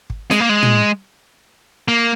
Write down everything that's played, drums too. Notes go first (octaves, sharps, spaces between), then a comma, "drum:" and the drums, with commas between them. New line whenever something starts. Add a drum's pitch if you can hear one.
drum: kick
G#3, drum: snare
A#3
G#3
drum: tom
A#3